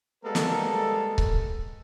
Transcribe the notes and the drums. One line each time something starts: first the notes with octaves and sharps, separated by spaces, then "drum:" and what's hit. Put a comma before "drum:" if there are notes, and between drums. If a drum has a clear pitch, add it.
G3 G#3 A#3 B3 A4 A#4
drum: snare
drum: kick C#1